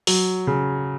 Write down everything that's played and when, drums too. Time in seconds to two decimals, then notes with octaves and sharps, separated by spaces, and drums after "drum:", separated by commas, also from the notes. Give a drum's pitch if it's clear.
0.07 F#3, drum: open hi-hat
0.47 C#3